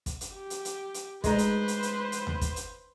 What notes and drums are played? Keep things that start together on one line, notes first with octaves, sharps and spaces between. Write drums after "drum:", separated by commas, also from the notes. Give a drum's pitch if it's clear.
drum: kick, hi-hat
drum: hi-hat
G4
drum: hi-hat
drum: hi-hat
drum: hi-hat
G#3 D#4 B4 C5, drum: kick, hi-hat
drum: hi-hat
drum: hi-hat
drum: hi-hat
drum: hi-hat
drum: tom D#2
drum: kick, hi-hat
drum: hi-hat